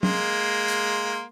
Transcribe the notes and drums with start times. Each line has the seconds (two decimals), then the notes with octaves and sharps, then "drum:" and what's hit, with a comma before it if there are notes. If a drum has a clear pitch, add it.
0.03 G#3 A#3 C6, drum: tom F#3
0.68 drum: hi-hat